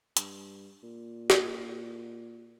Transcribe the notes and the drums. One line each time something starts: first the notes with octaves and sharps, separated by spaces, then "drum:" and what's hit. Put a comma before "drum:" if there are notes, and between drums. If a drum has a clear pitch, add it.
G2, drum: hi-hat
A#2
drum: snare